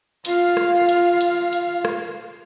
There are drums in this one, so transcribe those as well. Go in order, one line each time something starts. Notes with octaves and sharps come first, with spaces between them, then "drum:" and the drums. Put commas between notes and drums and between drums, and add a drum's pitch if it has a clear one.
F4 F5, drum: hi-hat
drum: rim click
drum: hi-hat
drum: hi-hat
drum: hi-hat
drum: rim click